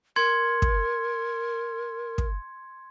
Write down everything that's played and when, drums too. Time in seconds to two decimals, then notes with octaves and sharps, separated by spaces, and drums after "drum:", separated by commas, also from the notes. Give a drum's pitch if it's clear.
0.16 A#4 C6 G#6 C#7
0.62 drum: kick
2.18 drum: kick